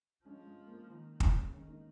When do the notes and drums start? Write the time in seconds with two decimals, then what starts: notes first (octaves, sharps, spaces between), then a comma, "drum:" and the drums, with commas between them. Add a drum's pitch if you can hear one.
0.25 F3 G#3 C#4
0.46 G#3
0.68 A#3
0.89 D#3
1.20 C#3, drum: kick
1.52 D#3 G#3 C#4
1.68 A#3 D#4